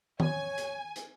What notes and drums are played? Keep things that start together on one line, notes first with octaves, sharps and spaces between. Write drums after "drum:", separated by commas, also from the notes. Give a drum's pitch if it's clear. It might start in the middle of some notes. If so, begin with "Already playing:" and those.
C#5 G#5, drum: tom D#3
drum: hi-hat
drum: hi-hat